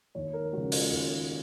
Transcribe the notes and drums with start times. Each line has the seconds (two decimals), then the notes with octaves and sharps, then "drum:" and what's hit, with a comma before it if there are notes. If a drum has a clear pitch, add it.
0.15 D#2 C#5
0.33 A#4
0.52 C#3 F3 G#3 F#4
0.72 F4, drum: open hi-hat
0.90 D#2